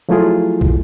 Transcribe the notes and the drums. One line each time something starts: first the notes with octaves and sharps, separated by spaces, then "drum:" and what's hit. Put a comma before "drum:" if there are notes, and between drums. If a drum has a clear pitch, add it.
F3 F#3 A3 E4 F4 G#4
drum: kick